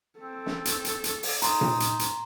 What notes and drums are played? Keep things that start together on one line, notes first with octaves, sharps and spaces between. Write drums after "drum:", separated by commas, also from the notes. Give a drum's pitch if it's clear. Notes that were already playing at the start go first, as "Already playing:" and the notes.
C4 A4
drum: snare
drum: hi-hat
drum: hi-hat
drum: hi-hat
drum: open hi-hat
D#4 A#5 C6, drum: hi-hat
drum: tom A#2
drum: hi-hat
drum: hi-hat